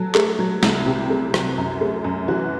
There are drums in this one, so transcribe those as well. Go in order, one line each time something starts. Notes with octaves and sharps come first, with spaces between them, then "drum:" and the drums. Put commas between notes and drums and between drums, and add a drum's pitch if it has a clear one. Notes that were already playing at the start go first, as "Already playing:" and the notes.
Already playing: F#3 A4
A3, drum: clap
F#3
C2, drum: snare
C3 G4
A3
F#3, drum: rim click
F#2
A3
F#2
E3 F#4